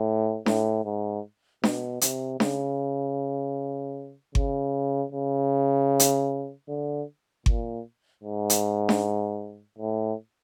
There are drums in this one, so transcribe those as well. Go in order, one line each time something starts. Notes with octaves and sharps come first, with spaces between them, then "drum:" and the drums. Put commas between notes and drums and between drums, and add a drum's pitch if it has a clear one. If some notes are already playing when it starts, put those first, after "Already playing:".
Already playing: A2
A2, drum: snare D4
G#2
B2, drum: snare D4
C3, drum: hi-hat
C#3, drum: snare D4
C#3, drum: kick G1
C#3
drum: hi-hat
D3
A#2, drum: kick G1
G#2
drum: hi-hat
drum: snare D4
A2